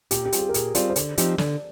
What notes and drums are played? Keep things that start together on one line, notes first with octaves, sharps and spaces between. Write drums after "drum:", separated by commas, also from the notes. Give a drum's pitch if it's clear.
A#2 G4, drum: hi-hat
G4
G3 C4 F4, drum: hi-hat
G#4
A#4
A#2 G#4, drum: hi-hat
G3 C4 F4 D5, drum: hi-hat
C5
D3 D5, drum: hi-hat
F3 C4 D#4 G4, drum: hi-hat
D3 D5, drum: snare